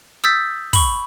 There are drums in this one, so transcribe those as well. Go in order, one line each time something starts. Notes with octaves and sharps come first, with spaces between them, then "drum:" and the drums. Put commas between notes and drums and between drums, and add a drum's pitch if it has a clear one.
D#6 E6 G6 A6 B6
B5 C#6, drum: kick, open hi-hat